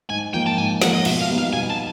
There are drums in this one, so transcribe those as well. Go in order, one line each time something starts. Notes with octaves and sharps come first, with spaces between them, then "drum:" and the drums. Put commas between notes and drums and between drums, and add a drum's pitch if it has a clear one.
G#2 G#5
F3 A#3 G5
A5
G#2 G#5
F3 A#3 F#5, drum: snare
D#5
B2 E5, drum: cymbal
F5
G3 B3 D#4
F5
B2 G#5
A5